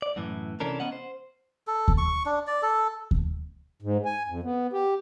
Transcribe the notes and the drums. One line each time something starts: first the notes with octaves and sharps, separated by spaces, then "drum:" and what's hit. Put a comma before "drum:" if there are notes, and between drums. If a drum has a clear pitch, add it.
D5
F#2 A2 E3
C3 E3 C#4 D4 A4 A#4
B3 C#4 D#5 F#5
C5
A4
drum: kick D#2
C#6
D4
D5
A4
drum: kick D#2
G#2
G#5
F2
B3
G4